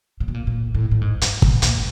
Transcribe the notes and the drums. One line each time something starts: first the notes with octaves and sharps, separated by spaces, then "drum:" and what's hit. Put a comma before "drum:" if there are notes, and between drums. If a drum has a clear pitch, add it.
A#2
B2
A#2
A#2
A2
A2
G#2
G2, drum: hi-hat
G#2, drum: kick
A#2, drum: hi-hat